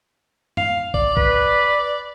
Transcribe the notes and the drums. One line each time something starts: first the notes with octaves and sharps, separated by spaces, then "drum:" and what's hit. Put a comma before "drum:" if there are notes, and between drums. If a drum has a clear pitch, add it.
F5, drum: tom F2
D5, drum: kick
B4, drum: kick